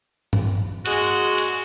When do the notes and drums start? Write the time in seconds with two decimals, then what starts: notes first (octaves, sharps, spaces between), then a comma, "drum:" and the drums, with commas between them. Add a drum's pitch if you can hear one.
0.33 drum: tom G2
0.86 G#3 A#3 F#4, drum: cymbal
1.38 drum: cymbal